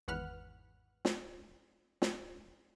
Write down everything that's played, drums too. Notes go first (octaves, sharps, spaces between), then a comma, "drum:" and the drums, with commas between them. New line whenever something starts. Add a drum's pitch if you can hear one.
G#1 E2 B4 F#5 F6 F#6
drum: snare
drum: snare